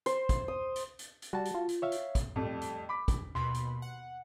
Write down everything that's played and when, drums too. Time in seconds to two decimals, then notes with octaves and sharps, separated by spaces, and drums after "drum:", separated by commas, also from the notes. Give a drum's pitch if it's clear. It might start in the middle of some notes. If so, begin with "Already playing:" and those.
0.06 C5, drum: hi-hat
0.29 drum: kick, hi-hat
0.48 D#6
0.76 drum: hi-hat
0.99 drum: hi-hat
1.22 drum: hi-hat
1.33 G3 F#4 A5
1.45 drum: hi-hat
1.54 F4
1.69 drum: hi-hat
1.82 C#5 E5 F5
1.92 drum: hi-hat
2.15 drum: kick, hi-hat
2.36 F2 G3 A3, drum: tom A2
2.62 drum: hi-hat
2.89 B5 D6 B6
3.08 drum: kick, hi-hat
3.35 D#2 B2 B5 C6
3.54 drum: hi-hat
3.82 F#5